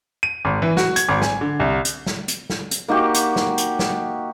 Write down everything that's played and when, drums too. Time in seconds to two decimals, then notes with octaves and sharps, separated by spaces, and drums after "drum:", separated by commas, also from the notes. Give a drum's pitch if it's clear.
0.23 D#7
0.45 G#1
0.62 E3
0.77 F#4, drum: snare
0.96 G#6, drum: hi-hat
1.09 G#1
1.22 G#5, drum: snare
1.41 D3
1.60 C2
1.85 drum: hi-hat
2.06 drum: snare
2.28 drum: hi-hat
2.50 drum: snare
2.71 drum: hi-hat
2.88 A#3 D#4 F#4 G4
3.14 drum: hi-hat
3.36 drum: snare
3.58 drum: hi-hat
3.79 drum: snare